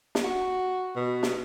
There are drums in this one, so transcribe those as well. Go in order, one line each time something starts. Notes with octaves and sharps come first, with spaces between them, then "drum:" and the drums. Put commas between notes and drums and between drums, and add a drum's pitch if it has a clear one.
drum: snare
F#4
B2
drum: snare